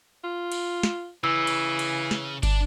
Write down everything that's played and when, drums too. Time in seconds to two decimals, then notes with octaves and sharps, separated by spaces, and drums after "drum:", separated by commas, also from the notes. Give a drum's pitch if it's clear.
0.24 F4
0.52 drum: cymbal
0.83 drum: snare
1.24 C#3 E3 E6
1.47 drum: cymbal
1.79 drum: cymbal
2.11 drum: snare
2.43 D4, drum: kick G1, cymbal